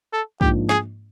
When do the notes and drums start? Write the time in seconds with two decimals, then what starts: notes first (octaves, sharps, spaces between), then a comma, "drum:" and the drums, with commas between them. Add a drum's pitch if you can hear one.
0.13 A4
0.41 G#2 F3 A#3 D4 G4, drum: kick
0.69 G#4, drum: snare